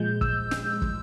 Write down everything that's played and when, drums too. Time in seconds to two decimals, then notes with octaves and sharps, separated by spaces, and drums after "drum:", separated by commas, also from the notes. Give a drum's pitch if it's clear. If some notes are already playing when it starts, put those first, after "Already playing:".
Already playing: A#2 F3 G#3 G6
0.21 E6, drum: kick
0.51 drum: snare
0.82 drum: kick